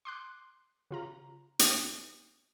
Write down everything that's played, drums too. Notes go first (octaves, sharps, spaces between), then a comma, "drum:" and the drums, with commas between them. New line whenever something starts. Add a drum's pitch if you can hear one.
C6 D6 F#6
C#3 F4 A#5
drum: hi-hat